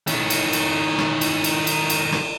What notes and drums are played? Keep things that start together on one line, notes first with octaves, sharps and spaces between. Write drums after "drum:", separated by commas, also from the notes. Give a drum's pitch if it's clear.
D#3 C#4, drum: cymbal
drum: cymbal
drum: cymbal
drum: rim click
drum: cymbal
drum: cymbal
drum: cymbal
drum: cymbal
drum: rim click